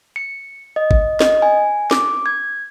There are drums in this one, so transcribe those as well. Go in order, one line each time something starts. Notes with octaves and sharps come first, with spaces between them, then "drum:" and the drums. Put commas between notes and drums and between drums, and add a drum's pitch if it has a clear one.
C#7
D#5
drum: kick
D#5, drum: snare
G#5
D6, drum: snare
G#6